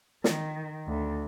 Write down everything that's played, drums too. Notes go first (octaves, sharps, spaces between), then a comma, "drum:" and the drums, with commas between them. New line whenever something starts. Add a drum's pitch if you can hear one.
D#3, drum: snare
D2